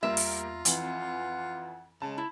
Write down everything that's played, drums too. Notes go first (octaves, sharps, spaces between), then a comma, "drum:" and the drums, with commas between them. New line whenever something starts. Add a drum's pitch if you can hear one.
E2 G3 A#3 F4 E5 A#5
drum: open hi-hat
F2 E3 F#5, drum: hi-hat
C#3 G#3 A5
E4